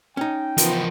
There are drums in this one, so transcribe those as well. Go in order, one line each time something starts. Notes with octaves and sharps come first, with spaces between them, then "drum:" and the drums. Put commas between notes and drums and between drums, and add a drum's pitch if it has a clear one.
C#4 D#4 G5
E3 F3 B3 F4 A#4, drum: hi-hat